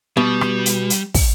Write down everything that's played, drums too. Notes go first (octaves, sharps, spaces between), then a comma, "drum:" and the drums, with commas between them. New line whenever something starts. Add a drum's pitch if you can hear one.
B2 G3
drum: rim click
drum: hi-hat
drum: hi-hat
drum: kick, open hi-hat